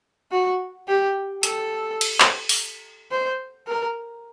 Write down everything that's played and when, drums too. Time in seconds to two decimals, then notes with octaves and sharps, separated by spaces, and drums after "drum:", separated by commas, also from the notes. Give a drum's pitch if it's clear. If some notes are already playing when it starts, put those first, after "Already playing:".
0.32 F#4
0.88 G4
1.43 A4, drum: hi-hat
2.01 drum: cymbal
2.20 drum: clap
2.49 drum: open hi-hat
3.11 C5
3.67 A#4